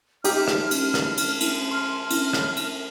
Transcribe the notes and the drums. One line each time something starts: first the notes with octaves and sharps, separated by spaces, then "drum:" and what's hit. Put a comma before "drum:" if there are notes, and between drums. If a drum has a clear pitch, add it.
D#4 G4 F6, drum: cymbal
drum: rim click
drum: cymbal
drum: rim click
drum: cymbal
drum: cymbal
C6 F6
drum: cymbal
drum: rim click
drum: cymbal